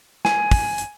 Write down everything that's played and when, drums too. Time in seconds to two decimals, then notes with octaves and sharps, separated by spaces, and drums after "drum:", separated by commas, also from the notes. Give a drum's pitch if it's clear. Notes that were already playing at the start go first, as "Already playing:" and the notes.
0.25 G#5, drum: snare
0.51 drum: kick, open hi-hat
0.78 drum: hi-hat